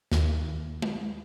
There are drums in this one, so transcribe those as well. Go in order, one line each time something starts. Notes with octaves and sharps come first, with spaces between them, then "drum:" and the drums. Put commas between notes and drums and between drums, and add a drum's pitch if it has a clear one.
D#2, drum: snare
drum: tom G#3